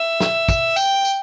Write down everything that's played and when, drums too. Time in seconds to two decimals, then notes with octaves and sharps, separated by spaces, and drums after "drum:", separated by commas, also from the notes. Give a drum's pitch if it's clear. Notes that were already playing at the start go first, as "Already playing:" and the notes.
Already playing: E5
0.20 drum: snare
0.49 drum: kick, tambourine
0.76 G5, drum: tambourine
1.05 drum: tambourine